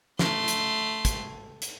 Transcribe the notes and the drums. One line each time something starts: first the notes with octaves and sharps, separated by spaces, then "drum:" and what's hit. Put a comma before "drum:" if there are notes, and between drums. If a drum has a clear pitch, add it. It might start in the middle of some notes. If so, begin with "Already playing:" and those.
A3 C6, drum: snare
drum: hi-hat
drum: kick, hi-hat
drum: hi-hat